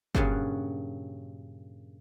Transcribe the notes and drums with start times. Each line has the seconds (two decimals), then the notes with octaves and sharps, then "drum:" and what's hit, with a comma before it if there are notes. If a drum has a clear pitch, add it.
0.15 G2 A#2 C#3 F#3 C#4, drum: kick